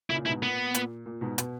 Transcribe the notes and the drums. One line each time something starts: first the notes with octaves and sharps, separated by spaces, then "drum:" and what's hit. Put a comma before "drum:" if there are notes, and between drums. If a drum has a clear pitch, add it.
A#2 C#3 E4
G#2 B2 E4
A#2 B3
A#2, drum: hi-hat
A#2
G#2 B2
B2, drum: hi-hat